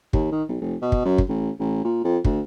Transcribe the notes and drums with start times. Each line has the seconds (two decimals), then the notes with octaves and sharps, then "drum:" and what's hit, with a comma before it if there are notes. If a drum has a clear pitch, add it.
0.13 D#2, drum: kick
0.32 D#3
0.49 B1
0.61 F1
0.82 B2
0.92 drum: kick
1.05 F#2
1.18 drum: kick
1.29 A1
1.60 A1
1.84 A#2
2.04 F2
2.25 D2, drum: kick